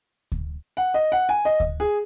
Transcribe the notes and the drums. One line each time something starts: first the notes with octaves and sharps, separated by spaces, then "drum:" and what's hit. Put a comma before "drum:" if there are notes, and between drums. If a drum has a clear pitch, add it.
drum: kick D2
F#5
D#5
F#5
G#5
D#5
drum: kick D2
G#4